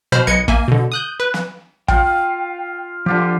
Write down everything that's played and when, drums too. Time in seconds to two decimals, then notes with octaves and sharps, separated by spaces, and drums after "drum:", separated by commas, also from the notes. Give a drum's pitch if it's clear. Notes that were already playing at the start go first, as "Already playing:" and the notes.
0.12 B2 C5 B5 F6, drum: snare
0.27 B1 B4 D#5 G#6 C#7
0.48 A#3 E5 G#5, drum: kick
0.68 B2 D3
0.92 D#6 F#6 G6
1.20 B4
1.34 drum: snare
1.88 F4 F5 G5, drum: kick
3.06 D3 F3 F4 G4